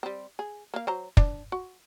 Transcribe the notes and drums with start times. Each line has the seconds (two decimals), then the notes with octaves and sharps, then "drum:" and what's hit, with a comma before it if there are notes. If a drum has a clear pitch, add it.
0.03 G3 C4
0.39 G#4
0.74 A#3 F5
0.87 F#3 C5 A#5
1.17 D4, drum: kick
1.52 F#4